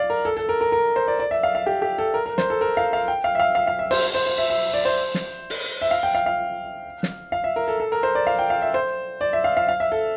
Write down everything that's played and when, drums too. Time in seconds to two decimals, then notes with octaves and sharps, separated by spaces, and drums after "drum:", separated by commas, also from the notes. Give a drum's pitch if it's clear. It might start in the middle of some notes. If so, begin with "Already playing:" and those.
Already playing: D5 F5
0.10 A#4
0.25 A4
0.37 A4
0.49 A#4
0.61 A#4
0.72 A#4
0.96 C5
1.08 D5
1.19 D5
1.31 E5
1.43 F5
1.55 F5
1.66 G4
1.82 G4
1.98 A4
2.14 A#4
2.26 A#4
2.38 C5, drum: snare
2.50 A4
2.61 A#4
2.77 F5
2.93 F5
3.08 G5
3.24 F5
3.35 E5
3.40 F5
3.55 F5
3.67 F5
3.79 E5
3.91 C5, drum: cymbal
4.14 C5
4.26 C5
4.38 E5
4.50 E5
4.74 D5
4.85 C5
5.15 drum: snare
5.50 drum: open hi-hat
5.82 E5
5.91 F5
6.03 G5
6.15 F5
6.26 F5
7.03 drum: snare
7.32 F5
7.44 E5
7.56 A#4
7.68 A4
7.80 A4
7.92 A#4
8.03 C5
8.15 D5
8.27 F5
8.39 G5
8.50 F5
8.62 E5
8.74 C5
9.21 D5
9.33 E5
9.44 F5
9.57 F5
9.69 F5
9.80 E5
9.92 A4